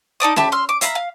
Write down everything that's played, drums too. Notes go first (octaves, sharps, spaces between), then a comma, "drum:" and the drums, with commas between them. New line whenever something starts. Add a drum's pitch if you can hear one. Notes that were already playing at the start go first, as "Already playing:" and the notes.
D#4 A4 D5 D#6
G4 E5 A5 B5, drum: snare C#4
C6 E6 F6
D6
E5 F5 A#5 B5, drum: hi-hat
F5